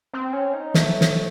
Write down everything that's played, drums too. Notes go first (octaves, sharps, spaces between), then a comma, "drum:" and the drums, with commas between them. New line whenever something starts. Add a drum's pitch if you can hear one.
C4
C#4
D#4
A3, drum: snare
drum: snare